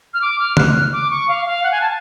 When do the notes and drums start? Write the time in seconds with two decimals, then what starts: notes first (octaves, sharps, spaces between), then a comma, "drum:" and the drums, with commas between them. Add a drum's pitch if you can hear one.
0.14 F6
0.22 D6
0.39 F6
0.57 F#6, drum: tom
0.74 F6
0.92 D6
1.11 C#6
1.28 F5
1.46 F5
1.64 F#5
1.72 G#5
1.81 A5